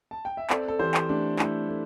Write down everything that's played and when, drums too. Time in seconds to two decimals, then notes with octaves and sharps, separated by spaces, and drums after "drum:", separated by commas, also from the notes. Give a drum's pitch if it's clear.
0.11 A5
0.25 G5
0.37 E5
0.50 C4 A4 D5, drum: clap
0.68 A4
0.79 E3 G4 C5
0.94 drum: clap
1.09 A3 D4 G4
1.39 A3 E4, drum: clap
1.68 A3